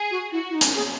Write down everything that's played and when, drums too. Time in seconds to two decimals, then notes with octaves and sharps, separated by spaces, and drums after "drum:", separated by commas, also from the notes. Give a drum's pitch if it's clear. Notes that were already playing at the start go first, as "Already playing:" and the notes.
Already playing: G#4
0.11 F#4
0.32 E4 F#4
0.49 E4
0.54 D#4
0.61 C#4, drum: hi-hat
0.75 G#4